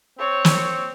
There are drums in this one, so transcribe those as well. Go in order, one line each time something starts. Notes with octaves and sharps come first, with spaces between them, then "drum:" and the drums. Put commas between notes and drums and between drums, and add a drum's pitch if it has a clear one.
C4 C#5
drum: snare